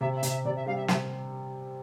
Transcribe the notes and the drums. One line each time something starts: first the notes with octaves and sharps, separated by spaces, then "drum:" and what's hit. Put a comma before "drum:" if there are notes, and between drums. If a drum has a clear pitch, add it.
C3 E5
E5
C3, drum: hi-hat
E5
C3 D5
E5
G3 F5
E5
C3 E5, drum: snare